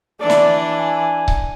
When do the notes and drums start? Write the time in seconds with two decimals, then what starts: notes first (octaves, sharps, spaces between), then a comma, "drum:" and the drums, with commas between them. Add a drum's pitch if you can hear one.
0.21 E3 D4 D5
0.30 drum: snare
0.72 G#5
1.28 drum: kick C#1